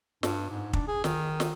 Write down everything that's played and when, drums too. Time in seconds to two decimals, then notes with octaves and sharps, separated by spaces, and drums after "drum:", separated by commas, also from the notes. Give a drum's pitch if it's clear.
0.23 G2, drum: snare
0.49 G#2
0.73 D4, drum: kick
0.88 G#4
1.04 D#3, drum: snare
1.40 drum: snare